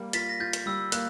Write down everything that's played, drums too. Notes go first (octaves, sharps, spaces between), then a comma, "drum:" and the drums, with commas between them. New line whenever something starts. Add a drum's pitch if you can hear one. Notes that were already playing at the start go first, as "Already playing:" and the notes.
Already playing: G3 A#3
F4 A6 B6, drum: hi-hat
A#6
F4 G6 A6
drum: hi-hat
G3 E6
A#3 F#6, drum: hi-hat